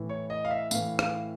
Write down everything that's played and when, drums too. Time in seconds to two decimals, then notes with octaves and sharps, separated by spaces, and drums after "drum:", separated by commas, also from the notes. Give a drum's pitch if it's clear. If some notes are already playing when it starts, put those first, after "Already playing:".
Already playing: A2 E3
0.09 C#5
0.30 D#5
0.45 F5
0.51 E5
0.71 A2 E3 F5, drum: tambourine
0.99 F5, drum: rim click